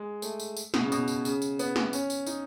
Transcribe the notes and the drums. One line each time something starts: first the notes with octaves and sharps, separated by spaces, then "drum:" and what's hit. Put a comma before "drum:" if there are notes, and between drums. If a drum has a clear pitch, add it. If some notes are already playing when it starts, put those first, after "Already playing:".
Already playing: G#3
A3, drum: tambourine
drum: tambourine
drum: tambourine
B2, drum: snare
C#3
B2, drum: tambourine
drum: tambourine
C#3, drum: tambourine
drum: tambourine
B3, drum: tambourine
drum: snare
C#4, drum: tambourine
drum: tambourine
D#4, drum: tambourine